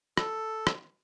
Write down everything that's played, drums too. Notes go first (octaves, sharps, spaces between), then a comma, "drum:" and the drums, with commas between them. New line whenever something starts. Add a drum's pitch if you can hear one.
A4, drum: rim click
drum: rim click